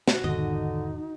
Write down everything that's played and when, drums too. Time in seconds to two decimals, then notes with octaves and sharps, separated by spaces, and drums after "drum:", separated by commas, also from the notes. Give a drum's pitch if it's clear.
0.08 F#4, drum: snare
0.24 E1 G#2 D3 D#3 D#5
0.36 D#4